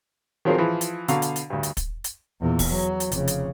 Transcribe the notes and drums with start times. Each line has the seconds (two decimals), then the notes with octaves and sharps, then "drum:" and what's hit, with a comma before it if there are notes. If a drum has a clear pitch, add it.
0.45 D#3 F3 F#3 C4 G#4 A#4
0.58 E3 F3 G#4
0.81 drum: hi-hat
1.08 B2 D3 F5 A#5 C#6, drum: hi-hat
1.22 drum: hi-hat
1.36 drum: hi-hat
1.50 D2 G2
1.63 drum: hi-hat
1.77 drum: kick, hi-hat
2.04 drum: hi-hat
2.41 E2 A#2
2.59 drum: kick, open hi-hat
2.72 F#3
3.00 drum: hi-hat
3.12 F1 C#3, drum: hi-hat
3.28 drum: hi-hat